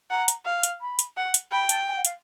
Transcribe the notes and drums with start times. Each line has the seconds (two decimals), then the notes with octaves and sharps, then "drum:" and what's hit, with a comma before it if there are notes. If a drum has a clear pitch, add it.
0.10 F#5 A#5
0.28 drum: hi-hat
0.45 F5
0.63 drum: hi-hat
0.81 B5
0.99 drum: hi-hat
1.17 F#5
1.34 drum: hi-hat
1.51 G5 B5
1.69 A5, drum: hi-hat
1.87 G#5
1.96 F#5
2.05 F5, drum: hi-hat